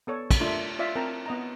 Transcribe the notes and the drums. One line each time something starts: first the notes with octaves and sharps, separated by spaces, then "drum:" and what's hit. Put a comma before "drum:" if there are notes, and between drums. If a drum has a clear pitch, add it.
B3 A4 C#5 D5
drum: kick, cymbal
A3 D4 F4 E5
F4 D5 E5 F5
C4 A#4 G5 A5 A#5
B3 D#5 A#5